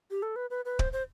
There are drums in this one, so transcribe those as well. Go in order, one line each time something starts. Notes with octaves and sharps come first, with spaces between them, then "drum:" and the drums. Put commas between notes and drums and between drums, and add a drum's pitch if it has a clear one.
G4
A4
B4
B4
B4
C5, drum: kick D1
C5